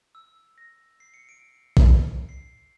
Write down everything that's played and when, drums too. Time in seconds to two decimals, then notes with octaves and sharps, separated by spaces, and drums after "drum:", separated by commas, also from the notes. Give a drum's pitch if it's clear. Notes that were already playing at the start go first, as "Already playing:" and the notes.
0.15 E6
0.58 A#6
1.00 C7
1.14 C#7
1.29 D7
1.77 drum: kick
2.29 C7